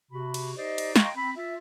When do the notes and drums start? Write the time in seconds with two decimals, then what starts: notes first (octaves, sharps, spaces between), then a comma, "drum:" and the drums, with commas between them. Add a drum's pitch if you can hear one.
0.12 C3 F#4 B5
0.34 drum: cymbal
0.56 D#4 G4 C5 D5 D#5
0.78 drum: cymbal
0.96 D#5 F5 G5 A#5 C6 C#6, drum: snare
1.16 C4 B5
1.37 F4 E5